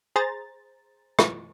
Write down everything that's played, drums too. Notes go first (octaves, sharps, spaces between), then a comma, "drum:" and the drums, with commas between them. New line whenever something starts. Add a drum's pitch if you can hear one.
G#4 C5 A#5 A6
drum: rim click